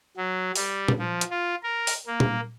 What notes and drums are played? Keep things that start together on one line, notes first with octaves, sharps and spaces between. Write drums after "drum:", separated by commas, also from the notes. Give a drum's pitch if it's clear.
F#3
G3, drum: open hi-hat
drum: tom A#2
F3
drum: hi-hat
F4
A#4
drum: open hi-hat
A#3
drum: tom A#2